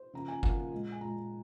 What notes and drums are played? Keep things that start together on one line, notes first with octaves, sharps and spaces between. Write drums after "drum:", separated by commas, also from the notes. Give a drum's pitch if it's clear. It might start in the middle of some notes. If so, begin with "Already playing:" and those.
Already playing: C5
C#3 F3 A#3 A#5
G#5
C#3 F3 A#3 F#5, drum: kick F#1
A#2 G#3
G#5
A#2 G#3 A#5